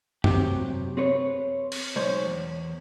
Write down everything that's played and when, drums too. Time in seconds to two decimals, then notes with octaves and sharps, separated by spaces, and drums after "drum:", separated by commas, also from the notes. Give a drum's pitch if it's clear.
0.24 C3 F#3 G4, drum: tom F#2
0.97 C4 G#4 B4 C#5
1.72 drum: cymbal
1.96 B1 G#3 C5 C#5
2.26 E2